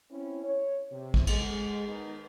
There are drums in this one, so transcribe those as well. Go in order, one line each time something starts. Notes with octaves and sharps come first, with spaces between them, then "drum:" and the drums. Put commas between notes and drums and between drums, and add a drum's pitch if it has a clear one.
C4 C#4 E4
C#5
C3
drum: kick
G#3, drum: cymbal
D#3 B3 D#4